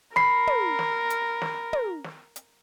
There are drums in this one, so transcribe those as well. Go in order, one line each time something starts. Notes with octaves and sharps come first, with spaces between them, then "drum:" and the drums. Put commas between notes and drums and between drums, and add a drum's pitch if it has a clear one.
A#4 B5 C7, drum: snare
drum: tom
drum: snare
drum: hi-hat
drum: snare
drum: tom
drum: snare
drum: hi-hat